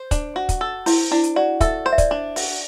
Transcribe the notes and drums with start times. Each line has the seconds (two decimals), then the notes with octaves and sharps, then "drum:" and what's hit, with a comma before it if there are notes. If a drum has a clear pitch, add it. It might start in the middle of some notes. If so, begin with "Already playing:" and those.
Already playing: C5
0.11 D4, drum: kick, hi-hat
0.36 F#4
0.49 drum: kick, hi-hat
0.61 A4
0.86 E4 C5, drum: open hi-hat
1.11 D4 E4
1.23 drum: hi-hat
1.36 F#4 D5
1.61 A4 E5, drum: kick, hi-hat
1.86 C5
1.92 E5
1.98 D5, drum: kick, hi-hat
2.11 D4
2.36 F#4, drum: open hi-hat